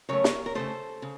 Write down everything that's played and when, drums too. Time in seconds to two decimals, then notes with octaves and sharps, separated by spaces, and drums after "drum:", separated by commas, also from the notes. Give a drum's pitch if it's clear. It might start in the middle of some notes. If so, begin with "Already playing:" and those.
0.09 C#3 F#3 A3 A#4 C#5
0.24 drum: snare
0.46 A#4
0.55 C#3 F3 A3 A4 C5
1.02 C#3